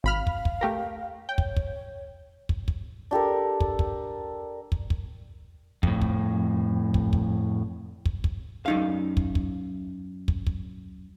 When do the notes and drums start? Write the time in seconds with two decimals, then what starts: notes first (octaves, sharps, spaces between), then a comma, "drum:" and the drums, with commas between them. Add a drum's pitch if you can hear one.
0.04 G#1 F5 B5 F6
0.27 drum: kick
0.45 drum: kick
0.61 A3 G4 A#4
1.29 C#5 G5
1.38 drum: kick
1.57 drum: kick
2.49 drum: kick
2.68 drum: kick
3.11 D4 G4 A4 A#4
3.60 drum: kick
3.79 drum: kick
4.72 drum: kick
4.90 drum: kick
5.83 F2 A2, drum: kick
6.02 drum: kick
6.94 drum: kick
7.13 drum: kick
8.05 drum: kick
8.24 drum: kick
8.66 F#2 D#4 F5
9.17 drum: kick
9.35 drum: kick
10.28 drum: kick
10.47 drum: kick